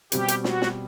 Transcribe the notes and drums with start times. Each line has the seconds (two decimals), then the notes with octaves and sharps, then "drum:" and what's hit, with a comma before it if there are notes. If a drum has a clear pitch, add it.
0.12 B2 G3 C4 G4, drum: hi-hat
0.28 drum: hi-hat
0.44 F#4, drum: snare
0.62 drum: snare